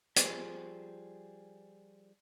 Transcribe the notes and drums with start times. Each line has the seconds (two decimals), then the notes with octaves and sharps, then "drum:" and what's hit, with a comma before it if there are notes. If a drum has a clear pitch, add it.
0.16 F3 G3 G#4 C5, drum: hi-hat